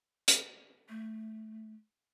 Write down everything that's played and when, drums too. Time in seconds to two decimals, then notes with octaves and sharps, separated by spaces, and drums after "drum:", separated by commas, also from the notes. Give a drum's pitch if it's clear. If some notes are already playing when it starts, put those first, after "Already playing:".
0.28 drum: hi-hat
0.89 A3